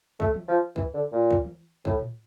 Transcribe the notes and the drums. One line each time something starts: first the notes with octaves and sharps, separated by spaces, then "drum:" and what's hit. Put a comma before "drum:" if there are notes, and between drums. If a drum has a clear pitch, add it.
A3, drum: kick
drum: tom E3
F3
E3, drum: kick
D3
A#2
drum: kick
drum: tom E3
A2, drum: kick
drum: tom A2